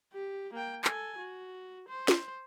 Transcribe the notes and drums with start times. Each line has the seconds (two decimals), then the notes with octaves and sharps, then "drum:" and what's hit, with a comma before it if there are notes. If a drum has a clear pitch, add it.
0.13 G4
0.54 A#3 G5
0.84 A4 G#5, drum: clap
1.19 F#4
1.89 C5
2.08 drum: snare